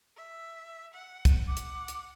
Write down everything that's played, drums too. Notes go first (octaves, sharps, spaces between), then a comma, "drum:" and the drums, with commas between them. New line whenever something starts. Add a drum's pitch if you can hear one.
E5
F#5
drum: kick, hi-hat
F#5 D6
drum: hi-hat
drum: hi-hat